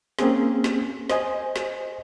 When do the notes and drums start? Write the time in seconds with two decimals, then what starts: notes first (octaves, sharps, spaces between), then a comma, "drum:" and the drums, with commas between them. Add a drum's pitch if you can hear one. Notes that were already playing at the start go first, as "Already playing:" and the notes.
0.19 A#3 C4 C#4 G#4, drum: snare
0.64 drum: snare
1.10 C5 D#5 G#5, drum: snare
1.56 drum: snare